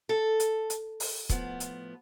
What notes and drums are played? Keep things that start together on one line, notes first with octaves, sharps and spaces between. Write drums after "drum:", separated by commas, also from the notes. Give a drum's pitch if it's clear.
A4
drum: hi-hat
drum: hi-hat
drum: open hi-hat
A2 F3 B3, drum: kick, hi-hat
drum: hi-hat